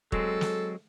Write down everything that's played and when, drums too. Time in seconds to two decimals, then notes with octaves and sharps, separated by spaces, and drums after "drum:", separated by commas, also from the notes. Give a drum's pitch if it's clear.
0.12 F#3 G#3 C4 A4, drum: kick
0.41 drum: snare